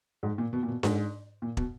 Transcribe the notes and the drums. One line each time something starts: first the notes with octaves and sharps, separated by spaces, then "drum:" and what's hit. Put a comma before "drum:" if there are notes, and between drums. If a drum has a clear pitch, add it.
G#2
A#2
B2
A#2
B2
G#2, drum: snare D4
A#2
B2, drum: kick